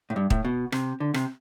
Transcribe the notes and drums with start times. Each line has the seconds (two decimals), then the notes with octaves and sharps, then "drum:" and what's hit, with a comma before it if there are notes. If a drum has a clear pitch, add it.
0.10 A2
0.16 G2
0.30 A2, drum: kick D#1
0.45 B2
0.72 C3, drum: rim click
1.00 D3
1.14 C3, drum: rim click